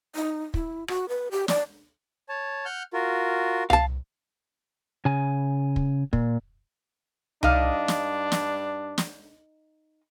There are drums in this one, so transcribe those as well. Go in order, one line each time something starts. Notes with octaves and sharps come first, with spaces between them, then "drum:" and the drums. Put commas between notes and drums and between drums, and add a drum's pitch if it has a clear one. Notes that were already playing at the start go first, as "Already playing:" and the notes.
D#4
E4, drum: kick
F#4, drum: rim click
B4
G4
D5, drum: snare
C#5 A5
F#5 F6 G6
F4 F#4 A#4
F5 A5, drum: tom C2
C#3 G#5
drum: kick
A#2, drum: kick
G2 D4 D#4 D#5 F5, drum: tom C2
drum: snare
drum: snare
drum: snare